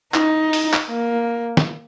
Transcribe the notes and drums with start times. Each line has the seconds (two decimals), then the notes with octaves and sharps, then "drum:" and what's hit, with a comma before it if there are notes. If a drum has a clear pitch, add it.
0.14 D#4, drum: clap
0.53 drum: open hi-hat
0.73 drum: clap
0.90 A#3
1.57 drum: snare